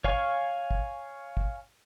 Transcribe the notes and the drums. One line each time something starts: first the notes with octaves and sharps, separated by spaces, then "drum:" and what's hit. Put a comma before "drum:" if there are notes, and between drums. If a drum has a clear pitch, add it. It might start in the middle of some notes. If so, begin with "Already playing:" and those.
C#5 F5 G#5 C#6, drum: kick
drum: kick
drum: kick